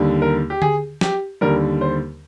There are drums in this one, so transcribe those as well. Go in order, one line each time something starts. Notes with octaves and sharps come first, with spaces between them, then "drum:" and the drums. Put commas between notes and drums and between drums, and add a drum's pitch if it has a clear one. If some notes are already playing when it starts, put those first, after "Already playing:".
Already playing: D#2 D3 G3
A#4
G4
G#4, drum: tom D3
G4, drum: snare
D#2 D3 G3 A#4
C5